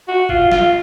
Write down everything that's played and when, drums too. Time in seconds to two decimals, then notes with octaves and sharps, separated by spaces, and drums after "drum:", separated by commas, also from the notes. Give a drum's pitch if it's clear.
0.08 F#4
0.29 F4, drum: kick G1
0.51 F4, drum: snare